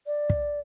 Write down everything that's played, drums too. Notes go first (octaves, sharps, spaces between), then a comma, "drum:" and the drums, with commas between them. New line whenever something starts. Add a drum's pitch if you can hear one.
D5
drum: kick